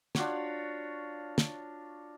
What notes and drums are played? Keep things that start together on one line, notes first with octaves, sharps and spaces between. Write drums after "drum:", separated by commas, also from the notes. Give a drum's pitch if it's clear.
D4 F4 F#4 C#5, drum: snare
drum: snare